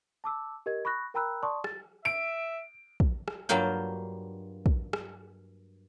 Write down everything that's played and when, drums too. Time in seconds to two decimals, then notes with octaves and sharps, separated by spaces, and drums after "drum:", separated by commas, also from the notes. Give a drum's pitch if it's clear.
0.24 A5 D6 E6
0.66 G4 A#4 D#5 G#6
0.85 B5 C#6 D#6 F#6 A#6
1.14 A#4 G5 A#5 B5 E6 F#6
1.43 D5 A5 C6 C#6 D#6
1.64 A6, drum: rim click
2.05 E5 D7
3.00 drum: kick
3.28 drum: rim click
3.49 G2 F#3 A#3 F4 G5
4.66 drum: kick
4.93 drum: rim click